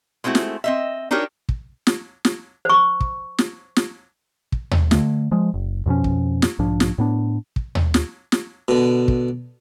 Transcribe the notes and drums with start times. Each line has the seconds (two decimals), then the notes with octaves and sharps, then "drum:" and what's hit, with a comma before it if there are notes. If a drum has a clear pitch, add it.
0.24 G#3 A3 C4 E4 F#4
0.35 drum: snare
0.64 C4 D#5 E5
1.11 D4 D#4 F#4 G4 A#4 C#5
1.49 drum: kick
1.87 drum: snare
2.25 drum: snare
2.65 C5 C#6
3.01 drum: kick
3.38 drum: snare
3.76 drum: snare
4.52 drum: kick
4.71 drum: tom D#2
4.91 D3 A3, drum: snare
5.31 F3 G#3
5.54 F#1
5.86 F2 B2 F3 C#4
6.04 drum: kick
6.42 drum: snare
6.59 B1 G#2 F3 D4
6.80 drum: snare
6.98 A2 B3 D4
7.56 drum: kick
7.75 drum: tom D#2
7.94 drum: snare
8.32 drum: snare
8.68 B2 D3
9.08 drum: kick